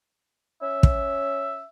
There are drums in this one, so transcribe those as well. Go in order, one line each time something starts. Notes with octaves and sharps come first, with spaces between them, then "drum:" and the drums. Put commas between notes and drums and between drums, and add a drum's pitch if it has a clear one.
C#4 E5
drum: kick